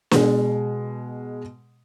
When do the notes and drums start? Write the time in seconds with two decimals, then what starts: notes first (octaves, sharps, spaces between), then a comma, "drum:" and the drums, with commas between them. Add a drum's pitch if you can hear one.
0.11 B2 G#3, drum: snare